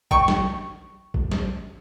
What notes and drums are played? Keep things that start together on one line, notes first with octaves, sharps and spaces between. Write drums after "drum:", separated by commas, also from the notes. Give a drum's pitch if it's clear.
G5 C#6, drum: kick
drum: snare
drum: kick
drum: snare